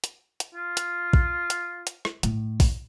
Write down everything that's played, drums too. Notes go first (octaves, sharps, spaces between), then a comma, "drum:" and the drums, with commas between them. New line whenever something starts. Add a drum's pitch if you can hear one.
drum: hi-hat
drum: hi-hat
F4
drum: hi-hat
drum: kick
drum: hi-hat
drum: hi-hat
drum: rim click
A2, drum: hi-hat
drum: kick, open hi-hat